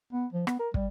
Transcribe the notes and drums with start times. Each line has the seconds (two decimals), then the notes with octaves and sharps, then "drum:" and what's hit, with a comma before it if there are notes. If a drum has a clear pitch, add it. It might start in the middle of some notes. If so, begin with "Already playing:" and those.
0.13 B3
0.33 F3
0.47 B3, drum: rim click
0.59 A#4
0.74 G3, drum: kick